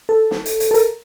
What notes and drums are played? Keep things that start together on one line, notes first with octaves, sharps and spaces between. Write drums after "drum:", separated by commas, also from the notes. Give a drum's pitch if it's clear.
A4
drum: snare
drum: hi-hat
drum: hi-hat
A4
A#4, drum: hi-hat